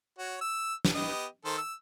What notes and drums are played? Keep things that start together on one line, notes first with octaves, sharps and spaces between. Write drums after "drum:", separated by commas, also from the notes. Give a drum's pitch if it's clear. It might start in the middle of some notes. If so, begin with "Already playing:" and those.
F#4 C#5
E6
drum: snare
B3 G4 D#5
D#3 A4 C5
E6